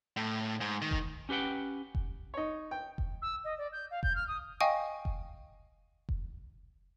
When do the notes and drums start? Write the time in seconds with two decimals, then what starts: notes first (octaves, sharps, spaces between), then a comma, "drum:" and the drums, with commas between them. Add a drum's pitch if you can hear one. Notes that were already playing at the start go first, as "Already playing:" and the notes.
0.17 A2
0.61 G#2
0.82 D#3
0.91 drum: kick F1
1.29 C#4 G4 B4 F#5 G5
1.95 drum: kick F1
2.34 D#4 C#5
2.71 G5
2.98 drum: kick F1
3.22 E6
3.44 D#5
3.58 D5
3.72 G6
3.90 F5
4.03 G6, drum: kick F1
4.15 F6
4.27 D#6
4.60 D#5 F5 G5 G#5 C#6 D#6
5.05 drum: kick F1
6.09 drum: kick F1